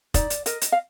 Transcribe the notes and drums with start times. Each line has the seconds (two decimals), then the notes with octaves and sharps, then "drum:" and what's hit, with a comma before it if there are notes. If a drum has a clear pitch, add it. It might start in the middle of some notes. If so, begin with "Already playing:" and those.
0.14 D#4 D5, drum: kick F1, hi-hat
0.30 drum: hi-hat
0.46 A#4 D#5, drum: hi-hat
0.61 drum: hi-hat
0.72 F5